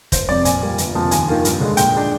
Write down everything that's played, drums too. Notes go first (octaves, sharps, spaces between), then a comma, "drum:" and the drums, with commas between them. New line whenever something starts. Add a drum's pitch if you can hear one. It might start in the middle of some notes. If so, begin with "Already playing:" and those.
F1 C5, drum: kick, hi-hat
F2 C3 D5
A#2 G#5, drum: hi-hat
G3 A#3 F4
G1, drum: hi-hat
F2 C3 F3 A#3
D#2 G#5, drum: hi-hat
D#3 A#3 F4
G2, drum: hi-hat
D3 G#3
A#2 G5, drum: hi-hat
G#3 D4